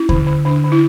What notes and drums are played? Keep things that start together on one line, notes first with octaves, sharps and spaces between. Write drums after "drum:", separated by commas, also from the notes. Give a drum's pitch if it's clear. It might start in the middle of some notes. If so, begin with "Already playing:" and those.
Already playing: C#4 E4
D3, drum: kick D#2
D3
D3 D4
D3
E4